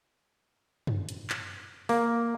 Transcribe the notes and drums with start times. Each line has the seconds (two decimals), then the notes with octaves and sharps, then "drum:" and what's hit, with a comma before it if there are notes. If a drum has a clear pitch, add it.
0.87 drum: tom F#2
1.09 drum: hi-hat
1.30 drum: clap
1.89 A#3, drum: open hi-hat